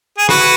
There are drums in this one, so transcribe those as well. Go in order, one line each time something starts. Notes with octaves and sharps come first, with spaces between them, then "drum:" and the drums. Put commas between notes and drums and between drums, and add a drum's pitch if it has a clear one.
G#4
F#4 B4, drum: rim click